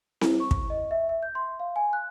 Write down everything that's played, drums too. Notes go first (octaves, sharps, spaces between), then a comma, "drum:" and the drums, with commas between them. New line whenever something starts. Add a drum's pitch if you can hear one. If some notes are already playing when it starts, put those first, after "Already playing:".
E4, drum: snare C4
C#6
drum: kick
D#5
E5
E5
G6
C6
F5
G#5
F#6